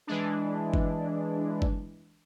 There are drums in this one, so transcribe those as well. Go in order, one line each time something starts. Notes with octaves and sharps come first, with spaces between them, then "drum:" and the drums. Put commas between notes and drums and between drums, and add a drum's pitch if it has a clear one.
E3 G#3 D4
drum: kick
drum: kick